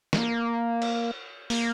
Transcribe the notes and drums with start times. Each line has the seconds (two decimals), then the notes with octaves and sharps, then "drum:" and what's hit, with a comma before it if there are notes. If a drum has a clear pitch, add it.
0.13 G#3, drum: snare
0.18 A#3
0.82 drum: cymbal
1.50 A#3, drum: open hi-hat